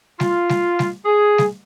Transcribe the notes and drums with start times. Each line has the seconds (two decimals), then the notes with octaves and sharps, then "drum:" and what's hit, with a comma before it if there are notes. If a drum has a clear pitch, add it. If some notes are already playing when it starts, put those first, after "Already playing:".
0.20 F4, drum: snare G3
0.49 drum: snare G3
0.79 drum: snare G3
1.06 G#4
1.38 drum: snare G3